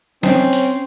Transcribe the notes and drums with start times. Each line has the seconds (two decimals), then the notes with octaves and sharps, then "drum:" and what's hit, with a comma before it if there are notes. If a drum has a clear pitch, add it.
0.23 C4 C#4, drum: snare
0.53 drum: hi-hat